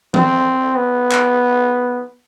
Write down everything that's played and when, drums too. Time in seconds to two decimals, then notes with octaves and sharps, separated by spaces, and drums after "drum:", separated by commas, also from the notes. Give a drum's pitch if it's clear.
0.14 C4, drum: tom E3
0.76 B3
1.12 drum: clap